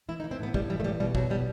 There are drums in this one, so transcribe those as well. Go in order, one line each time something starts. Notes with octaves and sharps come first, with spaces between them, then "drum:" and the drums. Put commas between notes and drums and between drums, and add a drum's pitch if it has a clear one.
E3 E4
D#4
E3
C4
A2 B3
A2 G3, drum: kick
E3 G3
A3
A2 G3
B2 G3
B2 F#3, drum: kick
B2 G3